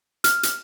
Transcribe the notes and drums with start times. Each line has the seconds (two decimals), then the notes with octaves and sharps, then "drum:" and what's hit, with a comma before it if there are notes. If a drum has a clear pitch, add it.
0.24 F6, drum: hi-hat
0.43 drum: hi-hat